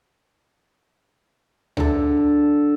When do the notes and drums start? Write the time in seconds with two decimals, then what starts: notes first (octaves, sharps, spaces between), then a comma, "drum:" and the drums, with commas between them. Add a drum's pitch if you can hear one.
1.77 D3 A4, drum: tom C#2